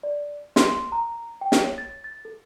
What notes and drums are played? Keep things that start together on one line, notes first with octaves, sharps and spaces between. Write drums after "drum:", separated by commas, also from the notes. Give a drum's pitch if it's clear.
D5
C6, drum: snare
A#5
G5
drum: snare
C#5
A6
A6
A4